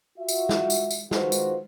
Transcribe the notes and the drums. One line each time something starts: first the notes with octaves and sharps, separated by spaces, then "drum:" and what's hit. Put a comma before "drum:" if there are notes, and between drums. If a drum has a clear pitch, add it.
F4 F#4 E5
drum: tambourine
drum: snare
drum: tambourine
drum: tambourine
D#3 G#3 F4 F#4 B4 C5, drum: snare
drum: tambourine